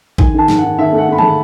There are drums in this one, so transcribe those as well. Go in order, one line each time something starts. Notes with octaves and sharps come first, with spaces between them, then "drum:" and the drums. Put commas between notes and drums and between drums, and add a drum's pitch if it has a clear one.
D#3 G#5, drum: kick
D#3 A5
G#2, drum: snare
F#5
D#3
D#3 E5
A3
F#5
A3 B5
A3 A5, drum: tom